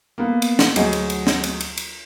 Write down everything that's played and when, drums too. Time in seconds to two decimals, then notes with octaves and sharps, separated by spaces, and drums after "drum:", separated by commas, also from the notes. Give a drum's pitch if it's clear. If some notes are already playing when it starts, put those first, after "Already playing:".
0.18 A#3 B3
0.42 drum: cymbal
0.59 drum: snare
0.76 D2 F#3 G#4 D#5, drum: cymbal
0.93 drum: cymbal
1.10 drum: cymbal
1.27 drum: snare
1.44 drum: cymbal
1.61 drum: cymbal
1.77 drum: cymbal